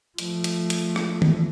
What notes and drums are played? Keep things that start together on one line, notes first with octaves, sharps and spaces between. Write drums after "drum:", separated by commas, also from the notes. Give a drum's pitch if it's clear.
F3 A3, drum: hi-hat
drum: hi-hat
drum: hi-hat
drum: rim click
drum: tom D#3